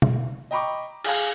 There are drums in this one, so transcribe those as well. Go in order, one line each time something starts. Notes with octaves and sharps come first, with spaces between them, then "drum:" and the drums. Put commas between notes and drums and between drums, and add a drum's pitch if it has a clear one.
drum: tom B2
D#5 G5 A#5 B5 C#6 D6
G#4 F5 G#5, drum: cymbal